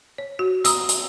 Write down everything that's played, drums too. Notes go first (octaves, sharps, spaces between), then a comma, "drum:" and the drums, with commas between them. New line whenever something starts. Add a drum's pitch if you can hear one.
C#5
F#4
A#5 D#6 E6, drum: hi-hat
drum: hi-hat